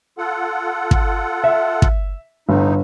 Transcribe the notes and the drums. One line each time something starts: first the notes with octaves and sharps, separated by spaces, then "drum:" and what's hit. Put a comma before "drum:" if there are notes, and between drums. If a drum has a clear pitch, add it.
F4 A4 F#5
drum: kick
E5
drum: kick
G1 A2 D#4